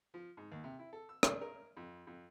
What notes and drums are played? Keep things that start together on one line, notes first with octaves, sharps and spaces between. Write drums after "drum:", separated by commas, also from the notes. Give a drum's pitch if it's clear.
F3
G#2
D#2
C3
E4
A4
E6
D4, drum: rim click
A#4
F2
F2